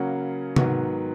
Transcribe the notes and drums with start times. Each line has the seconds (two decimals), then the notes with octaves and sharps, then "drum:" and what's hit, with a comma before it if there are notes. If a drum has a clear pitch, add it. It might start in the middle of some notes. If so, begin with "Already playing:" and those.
Already playing: C#3 F#3 A#3 C#4 F#5
0.56 G#2 D#3 F#3 B3, drum: tom C3